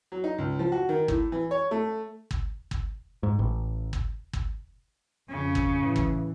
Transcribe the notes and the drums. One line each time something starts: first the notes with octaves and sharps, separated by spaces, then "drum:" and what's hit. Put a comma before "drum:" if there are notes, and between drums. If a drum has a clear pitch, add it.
F#3
D#4
C#2
F3
F#4
D#3
A2, drum: kick
E3
C#5
A3
drum: kick
drum: kick
G#2
A1
drum: kick
drum: kick
F2 C#3
drum: kick
A2 E3
drum: kick